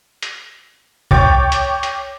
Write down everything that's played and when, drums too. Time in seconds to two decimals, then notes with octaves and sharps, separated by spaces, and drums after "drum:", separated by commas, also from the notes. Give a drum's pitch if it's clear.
0.23 drum: hi-hat
1.11 C#5 G5 C#6 D6 A6, drum: kick C2
1.52 drum: hi-hat
1.83 drum: hi-hat